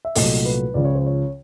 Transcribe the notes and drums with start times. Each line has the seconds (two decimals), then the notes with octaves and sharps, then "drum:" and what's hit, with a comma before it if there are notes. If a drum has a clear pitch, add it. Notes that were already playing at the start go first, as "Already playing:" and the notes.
0.05 E5
0.15 C2 A#2 F#3 A3 D#5, drum: open hi-hat
0.45 B4
0.74 C#2 C#3 F3 D5
0.85 C#5
0.95 C5
1.06 C#5